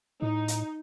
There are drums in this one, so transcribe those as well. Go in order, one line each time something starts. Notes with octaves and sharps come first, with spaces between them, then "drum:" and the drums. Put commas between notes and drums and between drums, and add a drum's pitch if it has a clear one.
A2 D#4
drum: hi-hat